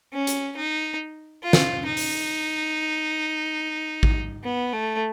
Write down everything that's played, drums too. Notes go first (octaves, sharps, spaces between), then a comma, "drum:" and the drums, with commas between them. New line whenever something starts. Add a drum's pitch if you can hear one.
C#4
drum: hi-hat
D#4
F4
drum: snare
D#4
drum: open hi-hat
drum: kick A1
B3
A3